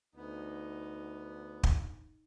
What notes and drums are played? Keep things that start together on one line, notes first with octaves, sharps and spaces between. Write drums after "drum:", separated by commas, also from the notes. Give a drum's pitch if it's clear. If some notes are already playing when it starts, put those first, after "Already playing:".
D2 B3 D#4
drum: kick